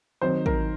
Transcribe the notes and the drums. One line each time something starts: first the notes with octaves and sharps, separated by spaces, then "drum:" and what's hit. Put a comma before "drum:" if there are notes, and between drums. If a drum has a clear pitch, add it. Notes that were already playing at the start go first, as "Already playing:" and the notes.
D#3 F#3 C4 D#4 C5
A#4, drum: kick